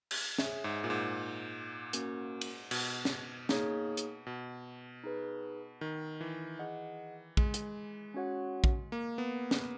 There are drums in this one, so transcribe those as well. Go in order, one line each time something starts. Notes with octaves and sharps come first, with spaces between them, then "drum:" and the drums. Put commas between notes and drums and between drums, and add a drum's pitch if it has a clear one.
drum: cymbal
G#4 C#5 E5 G#5, drum: snare
G#2
A#2
G#2
A#3 C#4 F#4 A#4, drum: hi-hat
drum: cymbal
B2, drum: cymbal
drum: snare
A#3 D#4 G#4 C#5, drum: snare
drum: hi-hat
B2
D#4 G#4 B4
D#3
E3
G#4 D#5 F#5
G#3, drum: kick A#1
drum: hi-hat
C#4 F#4 C#5 F#5
drum: kick A#1
A#3
B3
drum: snare